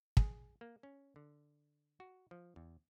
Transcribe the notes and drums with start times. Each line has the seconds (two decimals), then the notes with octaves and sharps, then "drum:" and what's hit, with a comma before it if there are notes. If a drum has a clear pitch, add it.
0.17 G#4, drum: kick
0.61 A#3
0.83 C#4
1.16 D3
2.00 F#4
2.31 F3
2.56 E2